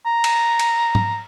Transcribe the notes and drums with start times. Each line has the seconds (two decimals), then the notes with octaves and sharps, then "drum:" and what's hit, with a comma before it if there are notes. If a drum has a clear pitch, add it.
0.06 A#5
0.24 drum: cymbal
0.59 drum: cymbal
0.95 drum: tom